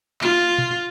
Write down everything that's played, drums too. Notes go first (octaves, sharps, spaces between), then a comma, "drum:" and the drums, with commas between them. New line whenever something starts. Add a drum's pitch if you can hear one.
F4, drum: clap
drum: tom A#2